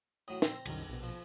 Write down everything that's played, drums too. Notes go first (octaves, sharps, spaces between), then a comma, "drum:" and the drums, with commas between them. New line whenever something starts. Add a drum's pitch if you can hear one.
A2 F#3 D#6 D#7
C4 A#5 C6 E6, drum: snare
C2 F#2 D#3, drum: cymbal
A#1 B2
F3